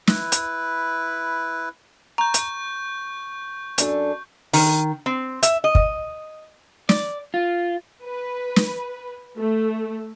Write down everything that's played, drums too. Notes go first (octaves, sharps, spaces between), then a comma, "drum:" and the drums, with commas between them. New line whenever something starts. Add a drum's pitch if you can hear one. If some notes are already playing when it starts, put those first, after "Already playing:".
E4 B4, drum: snare
drum: hi-hat
A#5 C#6 G6
drum: hi-hat
F#2 D4 A4, drum: hi-hat
D#3, drum: open hi-hat
C4
E5, drum: hi-hat
D#5
drum: kick
D5, drum: snare
F4
B4
drum: snare
A3